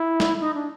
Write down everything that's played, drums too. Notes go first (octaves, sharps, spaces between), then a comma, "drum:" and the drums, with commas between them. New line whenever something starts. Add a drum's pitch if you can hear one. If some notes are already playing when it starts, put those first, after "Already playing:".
Already playing: E4
drum: snare
D#4
D4